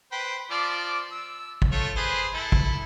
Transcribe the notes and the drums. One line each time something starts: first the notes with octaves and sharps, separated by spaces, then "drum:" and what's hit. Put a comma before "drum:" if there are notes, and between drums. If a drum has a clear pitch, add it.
B4 C5 G5
F3 D5 D6
E6
drum: kick
A3 F4 C#5
G#4 B4 C5
E4 A4
drum: kick